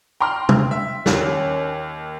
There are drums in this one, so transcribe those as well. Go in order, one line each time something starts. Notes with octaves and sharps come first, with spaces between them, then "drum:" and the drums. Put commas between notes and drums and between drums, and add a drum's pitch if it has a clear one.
G5 A#5 C6 F6
drum: tom
E5
D#2 C#4, drum: snare